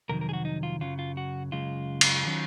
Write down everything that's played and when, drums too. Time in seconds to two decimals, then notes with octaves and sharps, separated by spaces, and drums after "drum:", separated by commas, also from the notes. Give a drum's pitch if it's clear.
0.09 F2 C3 D#3 F#3 A#4
0.21 A#4
0.29 G#4
0.33 F#4
0.45 D#4
0.63 F4
0.81 F#2 C#3 F#3 F4
0.99 F4
1.17 F#4
1.52 F#2 C#3 G#3 F4
2.01 drum: cymbal
2.26 D#3 F#3 C#4